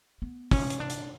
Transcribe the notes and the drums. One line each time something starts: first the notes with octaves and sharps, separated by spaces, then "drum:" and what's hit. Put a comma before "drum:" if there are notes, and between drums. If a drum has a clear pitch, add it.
B3
C#4, drum: kick, open hi-hat
drum: hi-hat
D4
drum: hi-hat